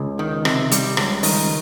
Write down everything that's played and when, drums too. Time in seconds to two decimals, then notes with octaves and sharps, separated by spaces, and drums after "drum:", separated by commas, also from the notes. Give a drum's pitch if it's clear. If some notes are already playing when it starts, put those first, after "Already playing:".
Already playing: C#2
0.19 D#3
0.45 C3, drum: rim click
0.71 G3, drum: hi-hat
0.97 C#2, drum: rim click
1.23 D#3, drum: open hi-hat